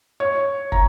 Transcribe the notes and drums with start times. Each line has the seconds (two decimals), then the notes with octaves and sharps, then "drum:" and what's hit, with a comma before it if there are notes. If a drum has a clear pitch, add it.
0.20 C#5
0.72 A#5, drum: kick